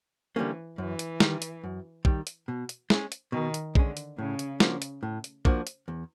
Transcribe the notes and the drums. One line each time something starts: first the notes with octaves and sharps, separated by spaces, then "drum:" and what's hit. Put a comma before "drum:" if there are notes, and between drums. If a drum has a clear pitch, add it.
D3 E3 G3 A#3 C#4
F#2 E3
drum: hi-hat
D#3 G3, drum: snare
drum: hi-hat
F#2
D#3 G3, drum: kick
drum: hi-hat
B2
drum: hi-hat
G#3 C#4, drum: snare
drum: hi-hat
B2 D#3
drum: hi-hat
D3 G#3 C#4, drum: kick
drum: hi-hat
A2 C#3
drum: hi-hat
F3 A#3 D4 F#4, drum: snare
drum: hi-hat
A2
drum: hi-hat
F3 A#3 D4 F#4, drum: kick
drum: hi-hat
E2